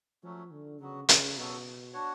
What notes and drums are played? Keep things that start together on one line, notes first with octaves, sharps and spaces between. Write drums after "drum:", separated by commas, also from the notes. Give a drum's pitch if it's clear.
F3 F#3 A3 C#4
D3
C#3 F#3 B3 F#4
C#3, drum: hi-hat
B2 F#3 B3 F#4 A4
D4 F#4 C#5 F#5